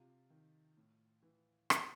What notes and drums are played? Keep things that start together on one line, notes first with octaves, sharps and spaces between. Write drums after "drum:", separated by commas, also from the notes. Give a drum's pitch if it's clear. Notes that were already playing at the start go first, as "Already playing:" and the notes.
Already playing: C3 F4
D#3
A2
E3
B2, drum: rim click